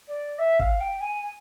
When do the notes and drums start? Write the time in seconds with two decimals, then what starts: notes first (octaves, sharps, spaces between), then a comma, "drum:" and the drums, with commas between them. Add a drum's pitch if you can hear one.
0.08 D5
0.39 E5
0.59 F5, drum: kick
0.80 G5
1.00 G#5